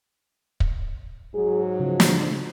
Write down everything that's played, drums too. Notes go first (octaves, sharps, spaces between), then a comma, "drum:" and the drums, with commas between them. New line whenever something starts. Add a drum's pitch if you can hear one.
drum: kick
G#2 F#3 G#4
C#3 F3
drum: snare